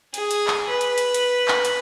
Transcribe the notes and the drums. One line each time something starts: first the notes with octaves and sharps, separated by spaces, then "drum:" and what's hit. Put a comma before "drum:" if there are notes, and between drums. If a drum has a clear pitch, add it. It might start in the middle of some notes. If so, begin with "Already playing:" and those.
G#4, drum: hi-hat
drum: hi-hat
drum: clap
B4
drum: hi-hat
drum: hi-hat
drum: hi-hat
drum: clap
drum: hi-hat